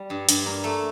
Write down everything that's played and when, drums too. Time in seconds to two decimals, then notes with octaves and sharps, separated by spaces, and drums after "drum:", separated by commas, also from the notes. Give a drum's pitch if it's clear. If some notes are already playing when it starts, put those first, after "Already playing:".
Already playing: G3
0.10 G2
0.29 G2, drum: hi-hat
0.46 A#3
0.64 A3